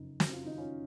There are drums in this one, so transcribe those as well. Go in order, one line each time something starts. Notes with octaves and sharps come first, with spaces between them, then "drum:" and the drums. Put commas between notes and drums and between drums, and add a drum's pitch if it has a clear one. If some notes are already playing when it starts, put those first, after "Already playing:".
Already playing: F#1 F2 D#4
F#1 F#4, drum: snare
F4
D#3 D#4
C#4 F4